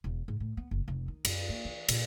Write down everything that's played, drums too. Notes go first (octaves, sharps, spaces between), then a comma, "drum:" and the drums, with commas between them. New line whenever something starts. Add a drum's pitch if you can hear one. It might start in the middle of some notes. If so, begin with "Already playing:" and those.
E1
G#2
A2
B3
F#1
F1
D#3
F#2, drum: cymbal
A#3
E3
A#2, drum: cymbal